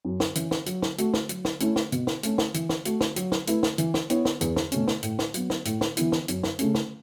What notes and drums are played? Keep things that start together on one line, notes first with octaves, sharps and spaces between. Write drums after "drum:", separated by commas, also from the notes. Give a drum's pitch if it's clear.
F#2
drum: snare
E3 C#4, drum: hi-hat
drum: snare
F#3, drum: hi-hat
drum: snare
A3 F#4, drum: hi-hat
drum: snare
F#3, drum: hi-hat
drum: snare
A3 C#4 E4, drum: hi-hat
drum: snare
B2, drum: hi-hat
drum: snare
A3 C#4, drum: hi-hat
drum: snare
E3, drum: hi-hat
drum: snare
A3 F#4, drum: hi-hat
drum: snare
F#3, drum: hi-hat
drum: snare
A3 E4 B4, drum: hi-hat
drum: snare
E3, drum: hi-hat
drum: snare
B3 E4 C#5, drum: hi-hat
drum: snare
E2, drum: hi-hat
drum: snare
B2 A3 C#4, drum: hi-hat
drum: snare
A2, drum: hi-hat
drum: snare
F#3 B3, drum: hi-hat
drum: snare
A2, drum: hi-hat
drum: snare
E3 B3 E4, drum: hi-hat
drum: snare
F#2, drum: hi-hat
drum: snare
C#3 A3 C#4, drum: hi-hat
drum: snare